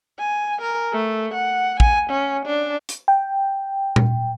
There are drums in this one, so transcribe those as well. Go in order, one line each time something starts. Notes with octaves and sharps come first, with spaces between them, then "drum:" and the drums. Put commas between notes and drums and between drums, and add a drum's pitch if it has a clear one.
G#5
A#4
A3
F#5
G#5, drum: kick
C#4
D4
drum: hi-hat
G5
drum: tom A#2